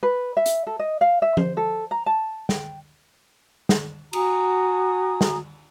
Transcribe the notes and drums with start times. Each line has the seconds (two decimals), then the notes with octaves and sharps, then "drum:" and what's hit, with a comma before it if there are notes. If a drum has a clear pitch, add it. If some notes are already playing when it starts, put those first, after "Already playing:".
0.03 B4
0.37 E5
0.46 drum: hi-hat
0.67 A4
0.79 D#5
1.01 F5
1.22 E5
1.37 C5, drum: tom F3
1.57 A4
1.91 A#5
2.06 A5
2.49 G5, drum: snare
3.69 drum: snare
4.13 F#4 G#5 A#5 D#6, drum: cymbal
5.21 drum: snare